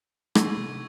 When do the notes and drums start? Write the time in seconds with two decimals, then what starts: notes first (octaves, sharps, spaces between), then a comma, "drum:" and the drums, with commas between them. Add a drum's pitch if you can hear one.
0.35 C#6 E6 G#6, drum: rim click
0.56 C3 G#3